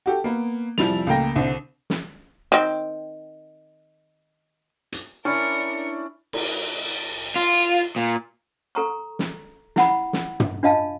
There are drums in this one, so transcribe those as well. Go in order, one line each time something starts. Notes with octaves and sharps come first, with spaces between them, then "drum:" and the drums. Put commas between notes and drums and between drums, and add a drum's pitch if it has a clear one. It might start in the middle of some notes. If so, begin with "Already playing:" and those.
F#4 G4 A4
A#3 B3
F1 F3 G3 E4 A6 F7, drum: snare
C#2 A3 A#3 G5 A#6
C2 D3 C4
drum: snare
D#3 C4
drum: hi-hat
C#4 D4 E4 A#4 C#7
drum: cymbal
F4
A#2
A4 A#5 C#6
drum: snare
E4 F#5 B5, drum: snare
drum: snare
drum: tom
D4 F4 D#5 F5 A5